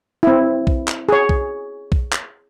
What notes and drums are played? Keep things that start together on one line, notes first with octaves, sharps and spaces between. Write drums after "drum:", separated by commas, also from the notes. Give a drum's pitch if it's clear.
C4 E4
drum: kick B1
drum: clap
G#4 C#5
drum: kick B1
drum: kick B1
drum: clap